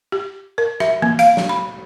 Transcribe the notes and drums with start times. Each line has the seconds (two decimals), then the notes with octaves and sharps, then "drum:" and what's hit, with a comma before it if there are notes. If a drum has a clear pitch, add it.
0.12 G4
0.58 A#4
0.80 E5, drum: rim click
1.02 A#3, drum: tom E3
1.19 F5, drum: hi-hat
1.37 drum: snare
1.49 B5